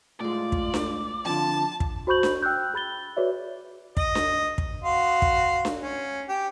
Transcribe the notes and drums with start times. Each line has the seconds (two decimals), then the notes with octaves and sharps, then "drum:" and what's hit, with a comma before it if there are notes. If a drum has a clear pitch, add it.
0.20 A2 G#3 F4 D5
0.52 drum: kick
0.74 drum: snare D4
1.25 F2 D3 F4 A5
1.80 drum: kick
2.07 F#4 C5 B5 C#6 G6 F#7
2.23 drum: snare D4
2.43 G5 E6 F#6 G6
2.74 G#4 B5 A6 G7
3.17 F#4 G#4 B4 C#5 D5 E5
3.97 D#5, drum: kick
4.15 drum: snare D4
4.58 drum: kick
4.84 F#4 F5 C6
5.22 drum: kick
5.65 drum: snare D4
5.82 C#4
6.29 G4